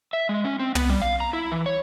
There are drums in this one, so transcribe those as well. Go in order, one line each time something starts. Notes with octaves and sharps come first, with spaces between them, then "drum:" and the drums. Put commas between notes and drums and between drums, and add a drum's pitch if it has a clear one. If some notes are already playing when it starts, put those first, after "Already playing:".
E5
G#3
C#4
C4
B3, drum: tom
G3
F5
A#5
E4
E3
C#5